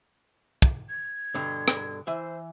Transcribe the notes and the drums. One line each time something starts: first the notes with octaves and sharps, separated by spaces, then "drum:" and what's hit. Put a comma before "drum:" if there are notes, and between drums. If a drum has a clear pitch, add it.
drum: kick
G#6
G2 B2 D3
drum: rim click
E3 C5 E5